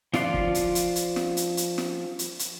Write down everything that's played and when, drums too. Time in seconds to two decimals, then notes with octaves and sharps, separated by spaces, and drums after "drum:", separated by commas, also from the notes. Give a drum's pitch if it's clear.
0.14 F3 F4 D5 C6 F#6, drum: snare
0.34 drum: kick
0.55 drum: hi-hat
0.75 drum: hi-hat
0.96 drum: hi-hat
1.16 drum: snare
1.37 drum: hi-hat
1.57 drum: hi-hat
1.78 drum: snare
2.19 drum: hi-hat
2.39 drum: hi-hat